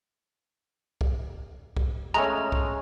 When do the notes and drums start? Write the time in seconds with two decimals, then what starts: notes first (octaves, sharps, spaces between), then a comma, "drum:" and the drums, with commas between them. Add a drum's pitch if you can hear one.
1.01 drum: kick B1
1.77 drum: kick B1
2.14 G#3 A3 C#4 A#5
2.52 drum: kick B1